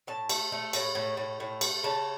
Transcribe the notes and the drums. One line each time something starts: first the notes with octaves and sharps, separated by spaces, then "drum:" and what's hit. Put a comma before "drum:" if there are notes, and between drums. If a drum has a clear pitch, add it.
A2 A5
A3, drum: cymbal
A3
A2, drum: cymbal
A2
A2
A2
A3, drum: cymbal
C#3 A5